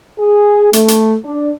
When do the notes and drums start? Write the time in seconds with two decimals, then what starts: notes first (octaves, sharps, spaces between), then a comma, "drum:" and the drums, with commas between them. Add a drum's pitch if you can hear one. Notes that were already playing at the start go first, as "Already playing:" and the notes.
0.19 G#4
0.73 A3, drum: hi-hat
0.88 drum: hi-hat
1.25 D4